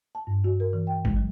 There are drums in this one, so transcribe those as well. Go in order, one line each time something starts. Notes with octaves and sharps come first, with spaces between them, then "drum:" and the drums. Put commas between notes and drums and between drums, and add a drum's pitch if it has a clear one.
A5
G2
F#4
A#4
E3
G5
G#3, drum: kick G1
F#3